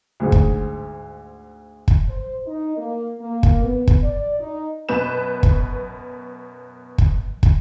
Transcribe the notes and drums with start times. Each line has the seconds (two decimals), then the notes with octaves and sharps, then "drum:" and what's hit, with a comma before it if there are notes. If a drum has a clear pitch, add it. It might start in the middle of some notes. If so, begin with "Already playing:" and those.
0.20 D2 G#2 G#3
0.32 drum: kick
1.88 drum: kick
2.08 C5
2.46 D#4
2.76 A#3
3.19 A#3
3.43 drum: kick
3.63 B3
3.87 drum: kick
4.03 D5
4.40 D#4
4.89 F#2 B2 B4 G6 E7
5.43 drum: kick
6.98 drum: kick
7.43 drum: kick